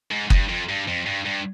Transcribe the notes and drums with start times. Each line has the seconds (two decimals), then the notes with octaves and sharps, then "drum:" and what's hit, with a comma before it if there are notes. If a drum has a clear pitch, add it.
0.11 G#2
0.30 G2, drum: kick F#1
0.49 F2
0.69 G2
0.87 F2
1.06 G2
1.26 G2